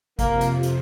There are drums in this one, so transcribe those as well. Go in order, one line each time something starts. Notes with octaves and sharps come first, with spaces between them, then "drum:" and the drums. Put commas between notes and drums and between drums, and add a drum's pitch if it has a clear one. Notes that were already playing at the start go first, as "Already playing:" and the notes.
F2 C3 F3 A#3, drum: kick, hi-hat
drum: hi-hat
drum: hi-hat